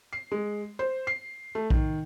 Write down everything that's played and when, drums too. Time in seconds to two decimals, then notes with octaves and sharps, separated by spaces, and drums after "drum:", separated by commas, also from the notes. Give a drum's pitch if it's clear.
0.13 C7
0.32 G#3
0.79 C5
1.07 C7
1.55 A3
1.70 D#3, drum: kick A#1